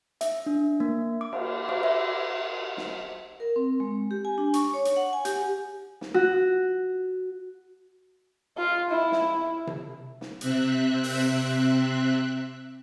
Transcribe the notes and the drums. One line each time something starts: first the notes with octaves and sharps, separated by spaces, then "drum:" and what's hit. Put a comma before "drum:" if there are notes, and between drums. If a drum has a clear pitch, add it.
E5, drum: hi-hat
D4
A#3
D6
drum: cymbal
D6, drum: cymbal
E5
drum: snare
A#4
C4
G#3
G4
G#5
D4
C#6, drum: hi-hat
C#5
drum: hi-hat
F#5
G#5
G4, drum: hi-hat
drum: snare
F#4
F4
E4
drum: snare
drum: tom C3
drum: snare
C3 C4 E5 F#6, drum: hi-hat
drum: open hi-hat